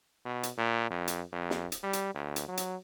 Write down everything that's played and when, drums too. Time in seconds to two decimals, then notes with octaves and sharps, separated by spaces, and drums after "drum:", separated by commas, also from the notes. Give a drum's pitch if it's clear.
0.25 B2
0.43 drum: hi-hat
0.58 A#2
0.91 F2
1.08 drum: hi-hat
1.32 F2
1.50 drum: snare
1.72 drum: hi-hat
1.83 G3
1.93 drum: hi-hat
2.15 D2
2.36 drum: hi-hat
2.48 F#3
2.57 drum: hi-hat